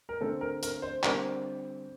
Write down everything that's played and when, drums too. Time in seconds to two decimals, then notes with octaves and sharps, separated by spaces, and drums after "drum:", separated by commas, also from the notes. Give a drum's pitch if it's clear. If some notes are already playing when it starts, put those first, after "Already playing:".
0.09 A#4
0.21 D3 A3 C4 A4
0.41 A#4
0.63 A#4, drum: hi-hat
0.82 C5
1.04 D3 G3 C4 A#4, drum: clap